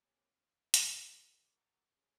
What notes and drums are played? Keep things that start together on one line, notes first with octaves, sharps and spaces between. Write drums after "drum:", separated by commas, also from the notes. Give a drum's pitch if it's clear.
A2 A#3 C4 C#4 G4
F5
E5, drum: hi-hat
B2 D#3 F3
F#4 A4 A#5 C#6 D6
C#4 G#4